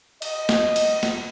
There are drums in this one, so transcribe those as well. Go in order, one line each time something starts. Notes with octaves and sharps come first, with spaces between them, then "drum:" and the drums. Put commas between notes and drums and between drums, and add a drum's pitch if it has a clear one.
D#5, drum: cymbal
drum: snare
drum: cymbal
drum: snare